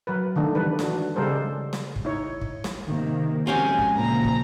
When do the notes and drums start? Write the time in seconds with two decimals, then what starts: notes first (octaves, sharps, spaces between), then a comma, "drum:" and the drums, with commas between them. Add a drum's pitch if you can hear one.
0.07 F#3 A#4 B4
0.36 D3 D#3 A3 D4 D#4
0.55 D3 E3 G3 B4
0.79 D4 F#4, drum: snare
1.16 C#3 G3 G#3 A4 A#4 C5
1.73 drum: snare
1.96 drum: kick
2.05 D#4 E4 C#5
2.41 drum: kick
2.64 drum: snare
2.85 C3 D#3 A#3
3.47 F2 G#3 C4 C#4 F#4 G4 G#5
3.79 drum: kick
3.97 A#2 C#3 F3 A#3 A#5
4.24 drum: kick